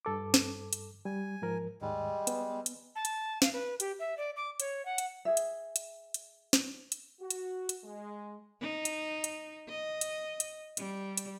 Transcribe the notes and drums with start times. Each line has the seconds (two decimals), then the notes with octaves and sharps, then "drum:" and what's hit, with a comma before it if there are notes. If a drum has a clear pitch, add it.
0.05 G2 A4 D6
0.34 drum: snare
0.73 drum: hi-hat
1.05 G3 G#5
1.42 G#2 F3 A#4
1.81 D#2 G#2 G3 G#3
2.27 B3, drum: hi-hat
2.66 drum: hi-hat
2.95 A5
3.05 drum: hi-hat
3.42 F5, drum: snare
3.53 B4
3.80 G4, drum: hi-hat
4.00 E5
4.18 D5
4.36 D6
4.60 C#5, drum: hi-hat
4.85 F#5
4.98 drum: hi-hat
5.25 G#4 E5
5.37 drum: hi-hat
5.76 drum: hi-hat
6.14 drum: hi-hat
6.53 drum: snare
6.92 drum: hi-hat
7.21 F#4
7.30 drum: hi-hat
7.69 drum: hi-hat
7.84 G#3
8.61 D#4
8.85 drum: hi-hat
9.24 drum: hi-hat
9.69 D#5
10.01 drum: hi-hat
10.40 drum: hi-hat
10.77 G3, drum: hi-hat
11.17 drum: hi-hat